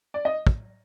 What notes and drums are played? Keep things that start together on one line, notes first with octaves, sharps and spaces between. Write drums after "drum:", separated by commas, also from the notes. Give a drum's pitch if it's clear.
D5
D#5
drum: kick